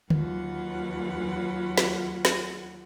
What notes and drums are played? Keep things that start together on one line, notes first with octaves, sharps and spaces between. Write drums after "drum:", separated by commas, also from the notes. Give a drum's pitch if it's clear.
D#2 F#3 F4 B4 F#5, drum: tom
drum: snare
drum: snare